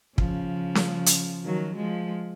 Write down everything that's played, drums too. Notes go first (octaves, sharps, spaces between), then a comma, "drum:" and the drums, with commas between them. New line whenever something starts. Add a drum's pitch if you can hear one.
C#3 F3, drum: kick
drum: snare C#4
drum: hi-hat
D#3 F#3
F3 G#3